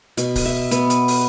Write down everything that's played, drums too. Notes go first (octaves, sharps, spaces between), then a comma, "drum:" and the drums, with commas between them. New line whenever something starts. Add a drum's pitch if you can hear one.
B2, drum: hi-hat
drum: kick C#1, open hi-hat
E5
B3, drum: hi-hat
drum: hi-hat
drum: open hi-hat